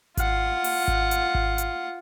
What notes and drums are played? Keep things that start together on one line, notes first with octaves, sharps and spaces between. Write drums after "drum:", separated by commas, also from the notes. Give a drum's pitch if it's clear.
F4 F#5, drum: kick G#1, hi-hat
drum: open hi-hat
drum: kick G#1
drum: hi-hat
drum: kick G#1
drum: hi-hat